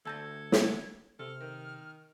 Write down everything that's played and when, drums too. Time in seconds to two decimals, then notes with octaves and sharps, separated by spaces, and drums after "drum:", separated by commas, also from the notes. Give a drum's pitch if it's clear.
0.05 D2 A4 A5 E6 G6 G#6 A#6
0.52 drum: snare
1.19 C3 A4 F6
1.41 D#3 A#4